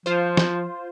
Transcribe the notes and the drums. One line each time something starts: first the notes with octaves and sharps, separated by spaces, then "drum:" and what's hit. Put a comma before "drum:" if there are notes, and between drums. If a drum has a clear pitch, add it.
F3 F4 C5
drum: snare